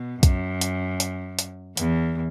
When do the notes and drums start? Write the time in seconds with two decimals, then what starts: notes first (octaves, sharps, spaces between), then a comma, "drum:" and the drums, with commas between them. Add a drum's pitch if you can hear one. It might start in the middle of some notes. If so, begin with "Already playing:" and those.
Already playing: B2
0.23 F#2, drum: kick B1, hi-hat
0.61 drum: hi-hat
1.00 drum: hi-hat
1.39 drum: hi-hat
1.77 E2, drum: hi-hat